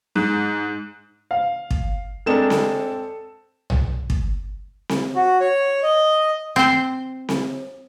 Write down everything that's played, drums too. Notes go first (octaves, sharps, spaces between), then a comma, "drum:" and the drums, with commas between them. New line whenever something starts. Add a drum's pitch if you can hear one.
G#2
F5
drum: kick
G#3 C4 D4 A4 A#4 E7
drum: snare C4
drum: tom
drum: kick
drum: snare C4
F#4
C#5
D#5
C4 C5
drum: snare C4